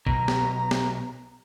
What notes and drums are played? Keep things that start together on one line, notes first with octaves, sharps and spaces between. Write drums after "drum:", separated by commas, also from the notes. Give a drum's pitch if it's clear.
B1 B2 A#5, drum: kick
drum: snare
drum: snare